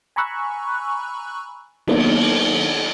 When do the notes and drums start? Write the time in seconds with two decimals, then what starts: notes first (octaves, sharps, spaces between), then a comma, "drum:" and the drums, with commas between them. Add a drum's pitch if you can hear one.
0.16 G#5 A#5 B5 C#6 E6 F#6
1.88 D#3 F#3 A#3 B3 D4 D#4, drum: cymbal